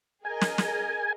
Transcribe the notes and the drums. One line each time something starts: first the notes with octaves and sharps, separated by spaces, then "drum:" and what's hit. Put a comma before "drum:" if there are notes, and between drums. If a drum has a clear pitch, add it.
G#4 A#4 D#5 G#5
drum: snare
drum: snare